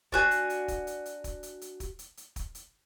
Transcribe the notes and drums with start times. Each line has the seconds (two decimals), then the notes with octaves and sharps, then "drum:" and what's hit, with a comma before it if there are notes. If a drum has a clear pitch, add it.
0.12 D4 F#4 G#5, drum: kick
0.31 drum: hi-hat
0.50 drum: hi-hat
0.68 drum: kick, hi-hat
0.87 drum: hi-hat
1.06 drum: hi-hat
1.24 drum: kick, hi-hat
1.43 drum: hi-hat
1.61 drum: hi-hat
1.80 drum: kick, hi-hat
1.99 drum: hi-hat
2.17 drum: hi-hat
2.36 drum: kick, hi-hat
2.55 drum: hi-hat